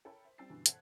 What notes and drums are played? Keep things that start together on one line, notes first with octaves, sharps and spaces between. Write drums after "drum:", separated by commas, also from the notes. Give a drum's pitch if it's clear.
A4 A#4 C#5 E5 G5 B5
C5 E5
G3 C4 G5 E6 A6 C7
G2 B2 D3 E3
A4 C5 E5 F#5 F#6 G#6, drum: hi-hat